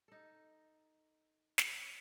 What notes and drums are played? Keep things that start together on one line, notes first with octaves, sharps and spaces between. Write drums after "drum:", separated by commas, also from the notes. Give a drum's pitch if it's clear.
D#4 A4
drum: snare